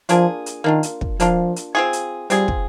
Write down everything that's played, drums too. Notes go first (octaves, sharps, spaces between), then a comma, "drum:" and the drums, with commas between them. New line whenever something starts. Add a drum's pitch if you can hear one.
F3 A#3 D4 F4 G#4, drum: hi-hat
drum: hi-hat
D#3 A#3 D4 F4
drum: hi-hat
drum: kick
F3 A#3 D4 F4, drum: hi-hat
drum: hi-hat
C4 F4 G#4
drum: hi-hat
G3 C4 F4 G#4, drum: hi-hat
drum: kick